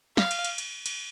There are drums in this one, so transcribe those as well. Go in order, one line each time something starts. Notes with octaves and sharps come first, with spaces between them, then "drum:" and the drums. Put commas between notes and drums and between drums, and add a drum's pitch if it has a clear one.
F5, drum: snare
drum: cymbal
drum: cymbal
drum: cymbal
drum: cymbal